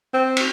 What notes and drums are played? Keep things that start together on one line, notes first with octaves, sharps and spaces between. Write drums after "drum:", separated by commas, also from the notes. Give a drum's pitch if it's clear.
C4
drum: cymbal